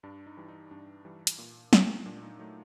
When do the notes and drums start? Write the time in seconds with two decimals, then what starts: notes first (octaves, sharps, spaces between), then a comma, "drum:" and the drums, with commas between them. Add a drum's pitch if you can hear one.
0.03 G2 D4
0.26 D#4
0.37 E3 G3
0.49 D#4
0.71 G2 D4
1.05 E3 G3
1.27 drum: hi-hat
1.38 A#2
1.73 F#3 A3, drum: snare
2.06 A#2 D4
2.23 D#4
2.39 F#3 A3 D#4